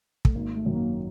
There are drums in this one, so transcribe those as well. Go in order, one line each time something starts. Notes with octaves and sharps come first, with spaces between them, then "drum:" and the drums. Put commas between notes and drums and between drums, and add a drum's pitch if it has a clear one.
A3, drum: kick
G#1 A#3
A3
F#2 D#3 F#3
A#3